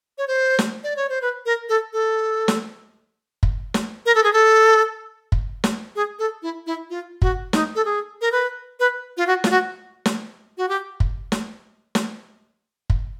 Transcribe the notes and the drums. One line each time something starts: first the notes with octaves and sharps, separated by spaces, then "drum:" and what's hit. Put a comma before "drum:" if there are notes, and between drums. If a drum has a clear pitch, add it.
C#5
C5
drum: snare
D5
C#5
C5
B4
A#4
A4
A4
drum: snare
drum: kick
drum: snare
A#4
A4
G#4
A4
drum: kick
drum: snare
G#4
A4
E4
E4
F4
F#4, drum: kick
D#4, drum: snare
A4
G#4
A#4
B4
B4
F4
F#4
F4, drum: snare
F#4
drum: snare
F#4
G4
drum: kick
drum: snare
drum: snare
drum: kick